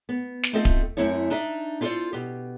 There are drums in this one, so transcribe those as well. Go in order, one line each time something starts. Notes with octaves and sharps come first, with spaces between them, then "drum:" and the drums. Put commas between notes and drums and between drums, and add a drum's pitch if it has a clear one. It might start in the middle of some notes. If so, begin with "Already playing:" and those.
B3
drum: snare
A3 C4 D#4 F4 A4 D#5
drum: kick D1
F#2 A3 C4 E4 C#5
D4 D#4 D5 E5
E4 F4 A4 B4 C5 D5
B2 G4